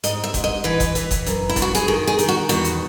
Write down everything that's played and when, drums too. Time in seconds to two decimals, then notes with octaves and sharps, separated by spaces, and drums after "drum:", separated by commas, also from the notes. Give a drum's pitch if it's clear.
0.04 G#2 D#5, drum: hi-hat
0.24 E5
0.34 G#2, drum: kick F#1, hi-hat
0.44 D#5
0.64 E3 B4
0.80 drum: kick F#1, hi-hat
0.95 E3, drum: hi-hat
1.11 drum: kick F#1, hi-hat
1.26 F#2, drum: hi-hat
1.49 E4
1.56 F#2, drum: kick F#1, hi-hat
1.62 F#4
1.75 G#4, drum: hi-hat
1.88 D#3 A4
2.07 G#4
2.19 D#3, drum: hi-hat
2.28 F#4
2.49 E2 F#4, drum: hi-hat
2.64 drum: hi-hat